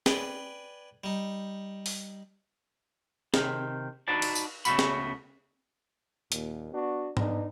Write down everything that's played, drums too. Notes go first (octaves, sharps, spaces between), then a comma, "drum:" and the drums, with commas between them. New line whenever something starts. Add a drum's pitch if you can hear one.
B4 D5 G5 G#5, drum: snare
G3 D#4
drum: open hi-hat
C3 D#3, drum: snare
D#4 F#4 B4 D5 A5
drum: cymbal
drum: tambourine
C#2 C#3 A3 B3 F#4 B5, drum: tambourine
drum: snare
D#2 A#2, drum: hi-hat
B3 D4 F#4
B3 D4 D#4, drum: tom G#2